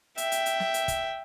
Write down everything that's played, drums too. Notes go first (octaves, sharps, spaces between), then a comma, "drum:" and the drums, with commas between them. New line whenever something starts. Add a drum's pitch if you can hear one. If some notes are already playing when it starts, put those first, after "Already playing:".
E5 G5, drum: hi-hat
drum: hi-hat
drum: hi-hat
drum: snare
drum: hi-hat
drum: kick, hi-hat